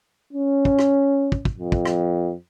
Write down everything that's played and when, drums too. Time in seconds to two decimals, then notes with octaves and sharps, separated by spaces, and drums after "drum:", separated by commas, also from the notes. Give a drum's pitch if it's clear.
0.33 C#4
0.65 drum: kick
0.79 drum: rim click
1.32 drum: kick
1.45 drum: kick
1.59 F2
1.72 drum: kick
1.85 drum: rim click